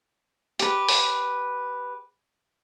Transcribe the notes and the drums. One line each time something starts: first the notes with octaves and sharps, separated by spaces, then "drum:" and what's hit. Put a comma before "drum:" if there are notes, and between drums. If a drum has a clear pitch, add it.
G4 B4, drum: hi-hat
drum: open hi-hat